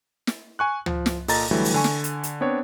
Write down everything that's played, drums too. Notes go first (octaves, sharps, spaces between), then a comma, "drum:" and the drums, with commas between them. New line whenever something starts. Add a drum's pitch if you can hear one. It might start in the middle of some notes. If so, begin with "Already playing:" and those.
drum: snare
G#5 C#6 F#6
F3, drum: tom C#2
drum: snare
A#2 A4 D#5 A#5 A6, drum: open hi-hat
D3 E3 F#3 G3 A3
drum: open hi-hat
D3 G#5 C#6
drum: snare
drum: hi-hat
drum: hi-hat
B3 C4 D4 C#5